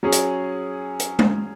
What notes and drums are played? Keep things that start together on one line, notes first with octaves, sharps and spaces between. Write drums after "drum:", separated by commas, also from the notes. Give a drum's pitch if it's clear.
F#3 C#4 G#4
drum: hi-hat
drum: hi-hat
drum: tom G#3